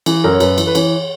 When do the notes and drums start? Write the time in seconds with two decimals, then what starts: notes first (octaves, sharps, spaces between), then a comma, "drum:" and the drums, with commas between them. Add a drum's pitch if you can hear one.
0.06 E3, drum: cymbal
0.24 F#2 A#4
0.33 C#5
0.40 F#2 B4, drum: cymbal
0.58 E3, drum: cymbal
0.67 B4
0.75 E3 C#5, drum: cymbal